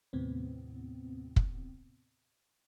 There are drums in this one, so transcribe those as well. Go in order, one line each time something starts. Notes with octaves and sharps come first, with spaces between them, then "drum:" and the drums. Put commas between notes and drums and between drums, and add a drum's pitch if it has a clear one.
D#2 A2 C3 B3 C4
drum: kick